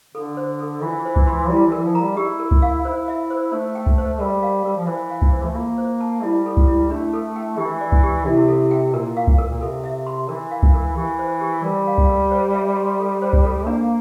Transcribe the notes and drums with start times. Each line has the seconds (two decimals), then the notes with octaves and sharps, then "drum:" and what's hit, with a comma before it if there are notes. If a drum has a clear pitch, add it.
0.15 D3 A4
0.37 C5
0.60 A4
0.82 E3 F4
1.05 C5
1.16 drum: kick C2
1.27 C6
1.49 G3 E4
1.67 E3
1.72 A#4
1.78 E3
1.84 F3
1.95 A#5
2.00 G3
2.17 E4 G4
2.40 A#4
2.51 drum: kick C2
2.62 F5
2.84 E4 C5
3.08 E5
3.30 C5
3.52 A3 C5
3.75 G5
3.86 drum: kick C2
3.98 C5
4.20 G3 A#4
4.43 F5
4.64 G3 A#4
4.77 F3
4.87 E3 C5
5.10 F5
5.22 drum: kick C2
5.33 C5
5.44 A3
5.55 A#3 F4
5.78 C5
6.01 A5
6.23 G3 E4
6.46 A4
6.57 drum: kick C2
6.68 E4
6.91 A3 D4
7.13 A4
7.36 G5
7.58 E3 G4
7.81 D5
7.92 drum: kick C2
8.04 G4
8.25 C3 E4
8.48 A4
8.71 G5
8.94 A#2 A#4
9.17 F5
9.27 drum: kick C2
9.39 A#4
9.51 A#2
9.61 C3 A4
9.84 E5
10.06 C6
10.29 E3 A#4
10.51 F5
10.63 drum: kick C2
10.74 A#4
10.97 E3 G4
11.19 C5
11.41 G4
11.64 G3 A#4
11.87 F5
11.98 drum: kick C2
12.09 A#4
12.31 C5
12.54 E5
12.76 C6
13.00 A4
13.22 C5
13.33 drum: kick C2
13.45 A4
13.66 A#3 D4